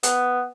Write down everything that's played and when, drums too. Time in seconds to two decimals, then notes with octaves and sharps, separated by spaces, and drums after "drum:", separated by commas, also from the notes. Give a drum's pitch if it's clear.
0.03 B3, drum: hi-hat